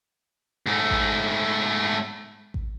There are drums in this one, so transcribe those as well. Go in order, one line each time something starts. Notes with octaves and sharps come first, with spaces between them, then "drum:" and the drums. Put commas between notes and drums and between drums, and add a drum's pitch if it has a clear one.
G#2 A3
drum: kick A1
drum: kick A1